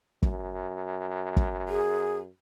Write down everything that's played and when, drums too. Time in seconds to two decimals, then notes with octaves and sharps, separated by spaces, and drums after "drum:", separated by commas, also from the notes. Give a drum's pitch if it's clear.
0.22 F#2, drum: kick
1.37 drum: kick
1.69 G#4